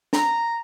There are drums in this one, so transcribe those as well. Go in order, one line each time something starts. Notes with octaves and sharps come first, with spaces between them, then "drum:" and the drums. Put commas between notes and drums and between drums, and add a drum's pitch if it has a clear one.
A#5, drum: snare